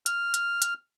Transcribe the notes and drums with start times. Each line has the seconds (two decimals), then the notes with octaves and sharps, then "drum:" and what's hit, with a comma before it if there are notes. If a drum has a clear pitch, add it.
0.06 F6, drum: hi-hat
0.34 drum: hi-hat
0.62 drum: hi-hat